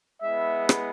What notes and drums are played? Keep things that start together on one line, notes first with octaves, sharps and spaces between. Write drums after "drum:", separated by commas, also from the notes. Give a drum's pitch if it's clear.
G#3 B3 E4 E5
drum: rim click